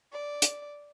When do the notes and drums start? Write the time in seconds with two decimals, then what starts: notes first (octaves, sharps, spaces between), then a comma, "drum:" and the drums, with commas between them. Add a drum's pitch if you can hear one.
0.12 D5
0.42 drum: hi-hat